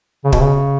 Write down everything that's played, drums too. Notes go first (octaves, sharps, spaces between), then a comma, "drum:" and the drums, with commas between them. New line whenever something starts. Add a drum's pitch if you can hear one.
C#3
B2, drum: kick
C#3